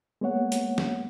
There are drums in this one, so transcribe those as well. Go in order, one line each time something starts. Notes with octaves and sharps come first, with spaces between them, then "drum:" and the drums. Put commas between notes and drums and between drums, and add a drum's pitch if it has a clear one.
G#3 A#3 B3 C#5 F#5
drum: hi-hat
drum: snare